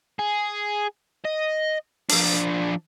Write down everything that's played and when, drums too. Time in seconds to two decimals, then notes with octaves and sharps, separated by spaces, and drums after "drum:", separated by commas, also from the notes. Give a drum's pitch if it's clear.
0.19 G#4
1.25 D#5
2.09 F3 D4, drum: open hi-hat